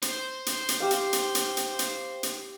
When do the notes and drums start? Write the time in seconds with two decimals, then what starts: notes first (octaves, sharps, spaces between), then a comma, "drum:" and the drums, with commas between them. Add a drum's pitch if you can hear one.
0.02 C5, drum: hi-hat
0.46 drum: hi-hat
0.69 drum: hi-hat
0.80 G4 F5
0.91 drum: hi-hat
1.13 drum: hi-hat
1.35 drum: hi-hat
1.57 drum: hi-hat
1.79 drum: hi-hat
2.23 drum: hi-hat